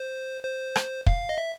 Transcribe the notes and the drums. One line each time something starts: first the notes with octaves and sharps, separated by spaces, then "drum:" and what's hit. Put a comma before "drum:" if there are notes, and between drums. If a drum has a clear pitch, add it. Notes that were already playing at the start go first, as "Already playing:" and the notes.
Already playing: C5
C5
drum: rim click
F5, drum: kick
D#5
E5